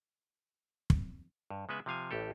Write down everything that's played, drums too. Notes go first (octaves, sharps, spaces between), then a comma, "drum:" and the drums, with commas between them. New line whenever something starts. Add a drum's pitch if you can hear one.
drum: kick
G2
C#3 G#3 B3 B4 E5
C3 F3 F5 G#5
A1 A2 G4 A4